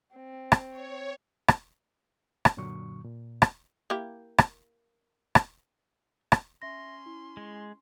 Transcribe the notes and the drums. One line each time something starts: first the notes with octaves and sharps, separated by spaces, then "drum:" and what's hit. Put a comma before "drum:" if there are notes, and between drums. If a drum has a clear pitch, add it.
C4
drum: rim click
C#5
drum: rim click
drum: rim click
F#2 A#2 D3 F#3 C#6
A#2
drum: rim click
A#3 E4 G4
drum: rim click
drum: rim click
drum: rim click
C#4 E5 C6 A#6
E4
G#3